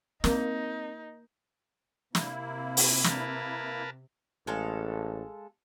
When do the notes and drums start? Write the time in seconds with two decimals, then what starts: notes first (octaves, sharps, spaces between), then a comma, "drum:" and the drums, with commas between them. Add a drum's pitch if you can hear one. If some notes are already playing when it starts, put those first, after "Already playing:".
0.24 A#3 C4 D#4, drum: snare
2.15 C3 A#3 E4, drum: snare
2.77 drum: open hi-hat
3.04 A#4 B4 A5, drum: snare
4.47 A1 G#3 A4 F5